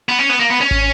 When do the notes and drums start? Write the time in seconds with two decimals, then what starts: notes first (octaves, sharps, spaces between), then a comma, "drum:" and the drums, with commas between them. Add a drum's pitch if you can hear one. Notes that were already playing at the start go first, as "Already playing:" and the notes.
0.09 B3
0.19 C#4
0.29 B3
0.40 A#3
0.50 B3
0.61 C#4
0.71 drum: kick